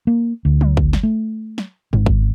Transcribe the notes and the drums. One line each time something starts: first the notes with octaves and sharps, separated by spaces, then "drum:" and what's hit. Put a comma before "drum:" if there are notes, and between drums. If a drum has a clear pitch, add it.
A#3
D2
drum: tom F#3
drum: kick
drum: snare
A3
drum: snare
G#1, drum: tom G2
drum: kick